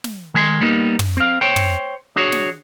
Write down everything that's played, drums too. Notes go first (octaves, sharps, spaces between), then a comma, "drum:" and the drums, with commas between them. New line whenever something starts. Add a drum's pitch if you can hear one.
drum: snare
D#3 G#3 G#5 B5 C6
G3 A#3 B3 D#4
drum: tom
C4 F5
C5 C#5 G5
drum: tom
D4 F#4 G#4 C#5
drum: snare